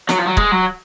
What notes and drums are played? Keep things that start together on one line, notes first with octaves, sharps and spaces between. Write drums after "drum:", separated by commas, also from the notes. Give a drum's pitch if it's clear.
F#3, drum: snare
F3
F#3
G#3, drum: kick
F#3